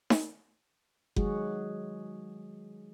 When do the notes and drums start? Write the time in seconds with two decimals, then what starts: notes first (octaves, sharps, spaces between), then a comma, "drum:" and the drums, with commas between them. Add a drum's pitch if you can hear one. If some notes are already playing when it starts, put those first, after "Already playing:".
0.10 drum: snare D#4
1.16 D#3 F#3 G#3 F#4 G#4, drum: kick F#1